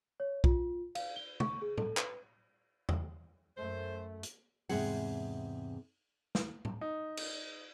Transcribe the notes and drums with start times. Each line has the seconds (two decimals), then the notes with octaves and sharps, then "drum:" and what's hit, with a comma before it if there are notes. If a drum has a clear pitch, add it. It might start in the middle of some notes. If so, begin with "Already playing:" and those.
0.20 C#5
0.44 F4, drum: kick B1
0.95 F5, drum: cymbal
1.16 G7
1.40 C#6, drum: tom
1.62 G#4
1.78 A4, drum: tom A2
1.97 B4, drum: clap
2.89 drum: tom E2
3.57 F#2 A3 C5
4.23 drum: hi-hat
4.69 E2 G#2 C3 C4 G#4 F#5, drum: open hi-hat
6.35 drum: snare
6.65 drum: tom A2
6.81 D#4
7.17 drum: cymbal